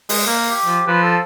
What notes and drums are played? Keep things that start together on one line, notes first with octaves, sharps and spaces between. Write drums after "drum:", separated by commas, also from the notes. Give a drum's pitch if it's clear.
G#3, drum: open hi-hat
A#3
G4
F3
F3 B4
A4